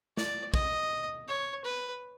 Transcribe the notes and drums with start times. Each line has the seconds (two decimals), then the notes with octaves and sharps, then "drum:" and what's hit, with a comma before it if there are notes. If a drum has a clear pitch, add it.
0.17 D5, drum: snare
0.54 D#5, drum: kick
1.28 C#5
1.65 B4